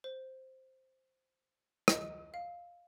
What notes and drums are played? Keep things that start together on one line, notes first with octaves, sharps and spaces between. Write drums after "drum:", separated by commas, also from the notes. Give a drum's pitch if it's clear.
C5
D#5, drum: rim click
F5